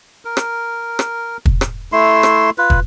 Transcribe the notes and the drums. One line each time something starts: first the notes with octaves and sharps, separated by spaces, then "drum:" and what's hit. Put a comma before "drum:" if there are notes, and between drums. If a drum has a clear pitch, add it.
A#4
drum: rim click
drum: rim click
drum: kick
drum: rim click
A3 E4 C6
drum: rim click
F4 B4
drum: kick